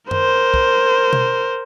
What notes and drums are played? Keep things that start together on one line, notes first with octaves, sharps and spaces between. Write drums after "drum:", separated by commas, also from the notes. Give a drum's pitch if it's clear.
A#4 C5, drum: tom F#2
drum: kick
drum: tom B2